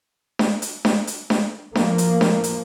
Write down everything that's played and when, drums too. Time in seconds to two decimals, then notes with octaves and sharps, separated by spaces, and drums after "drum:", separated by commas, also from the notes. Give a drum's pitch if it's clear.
0.39 drum: snare D4
0.62 drum: hi-hat
0.85 drum: snare D4
1.07 drum: hi-hat
1.30 drum: snare D4
1.75 F3 A#3, drum: snare D4
1.98 drum: hi-hat
2.21 drum: snare D4
2.44 drum: hi-hat